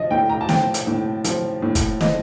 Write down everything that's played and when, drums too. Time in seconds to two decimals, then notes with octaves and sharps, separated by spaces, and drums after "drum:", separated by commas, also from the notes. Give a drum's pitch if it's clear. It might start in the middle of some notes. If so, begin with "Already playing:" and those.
Already playing: F3 D#5
0.11 A2 G5
0.29 A#5
0.41 A5
0.49 F3 G5, drum: snare
0.74 drum: hi-hat
0.87 A2
1.24 F3, drum: hi-hat
1.62 A2
1.75 drum: kick, hi-hat
2.01 F3 D#5, drum: snare